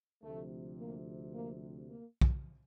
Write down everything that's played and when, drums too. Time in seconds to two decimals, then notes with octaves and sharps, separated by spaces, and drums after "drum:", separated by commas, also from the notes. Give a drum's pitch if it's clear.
0.23 D2 C3 F3 A3
0.78 A#3
1.33 A#3
1.88 A#3
2.21 drum: kick